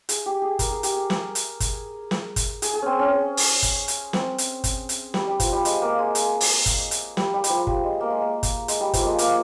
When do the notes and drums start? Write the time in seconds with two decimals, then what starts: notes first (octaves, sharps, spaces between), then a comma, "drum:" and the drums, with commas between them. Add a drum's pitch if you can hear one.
0.09 G#4, drum: hi-hat
0.26 G4
0.42 G#4
0.59 A#4, drum: kick, hi-hat
0.71 G#4
0.83 G4, drum: hi-hat
0.95 G#4
1.10 drum: snare
1.35 drum: hi-hat
1.60 drum: kick, hi-hat
2.11 drum: snare
2.36 drum: kick, hi-hat
2.62 G#4, drum: hi-hat
2.73 G#4
2.82 C4 C#4
2.99 C#4
3.37 drum: open hi-hat
3.63 drum: kick, hi-hat
3.88 drum: hi-hat
4.13 C4, drum: snare
4.38 drum: hi-hat
4.64 drum: kick, hi-hat
4.89 drum: hi-hat
5.14 G3, drum: snare
5.27 G3
5.40 F3, drum: kick, hi-hat
5.53 G3
5.65 G#3, drum: hi-hat
5.82 A#3
5.99 G#3
6.15 G#3, drum: hi-hat
6.41 drum: open hi-hat
6.66 drum: kick, hi-hat
6.91 drum: hi-hat
7.17 G3, drum: snare
7.34 G3
7.44 G3, drum: hi-hat
7.50 F3
7.67 G3, drum: kick
7.84 G#3
8.01 A#3
8.10 G#3
8.21 A#3
8.43 drum: kick, hi-hat
8.68 G#3, drum: hi-hat
8.81 G3
8.94 F3, drum: kick, hi-hat
9.01 A#3
9.06 G#3
9.18 A#3, drum: hi-hat